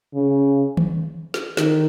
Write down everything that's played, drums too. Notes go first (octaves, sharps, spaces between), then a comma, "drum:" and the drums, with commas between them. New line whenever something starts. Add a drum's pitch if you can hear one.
C#3
drum: tom D#3
drum: snare
D#3, drum: snare